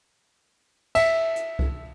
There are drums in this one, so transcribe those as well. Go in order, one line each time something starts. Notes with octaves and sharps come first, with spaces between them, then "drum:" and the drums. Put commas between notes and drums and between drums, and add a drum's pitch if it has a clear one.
E5, drum: cymbal
drum: hi-hat
drum: kick C2